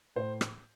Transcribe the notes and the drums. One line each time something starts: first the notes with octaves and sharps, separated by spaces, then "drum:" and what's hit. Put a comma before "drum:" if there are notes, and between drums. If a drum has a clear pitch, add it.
A2 C5
drum: rim click